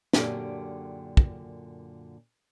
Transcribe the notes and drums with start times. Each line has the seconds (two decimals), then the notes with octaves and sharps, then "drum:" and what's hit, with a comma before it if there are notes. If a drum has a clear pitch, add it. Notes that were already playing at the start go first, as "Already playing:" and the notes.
0.13 F#2 A#2 D3 C#4 G4 G5, drum: snare
1.17 drum: kick